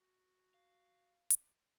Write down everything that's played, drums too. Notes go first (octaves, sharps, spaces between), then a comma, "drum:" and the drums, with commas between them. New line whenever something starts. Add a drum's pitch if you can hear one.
F#4
F5
drum: hi-hat